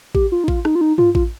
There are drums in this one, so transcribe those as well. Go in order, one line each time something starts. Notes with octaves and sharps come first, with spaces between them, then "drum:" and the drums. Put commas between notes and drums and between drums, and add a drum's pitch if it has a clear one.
G4, drum: kick A1
F4
D#4
F4, drum: kick A1
D#4, drum: rim click
F4
D#4
F4, drum: tom G2
F4, drum: kick A1